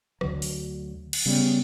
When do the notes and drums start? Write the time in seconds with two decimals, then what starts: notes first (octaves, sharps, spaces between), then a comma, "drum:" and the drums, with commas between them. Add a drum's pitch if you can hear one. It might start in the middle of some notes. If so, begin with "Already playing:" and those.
0.21 D2 D3 F#3, drum: rim click
0.42 drum: open hi-hat
1.13 drum: cymbal
1.26 C#3 G3 B3